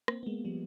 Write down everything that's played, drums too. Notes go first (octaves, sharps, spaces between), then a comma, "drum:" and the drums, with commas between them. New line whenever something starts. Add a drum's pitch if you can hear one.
A#3 C4, drum: rim click
B3
G#3 A#3
F3 G3